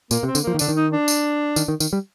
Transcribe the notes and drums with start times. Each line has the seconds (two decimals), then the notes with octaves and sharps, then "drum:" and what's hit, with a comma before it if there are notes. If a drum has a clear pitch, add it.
0.11 A#2 A#3, drum: tambourine
0.23 C3
0.27 C4
0.35 D3, drum: tambourine
0.43 F3 A#3
0.54 D#3
0.59 D3 D4, drum: tambourine
0.69 D#3
0.76 D#4
0.92 D4
1.08 drum: tambourine
1.56 D#3, drum: tambourine
1.68 D#3
1.80 D#3, drum: tambourine
1.93 G3